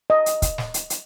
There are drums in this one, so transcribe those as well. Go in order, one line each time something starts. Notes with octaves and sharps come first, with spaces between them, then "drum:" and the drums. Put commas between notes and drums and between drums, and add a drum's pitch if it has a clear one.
D#5
drum: hi-hat
drum: kick, hi-hat
drum: snare
drum: hi-hat
drum: hi-hat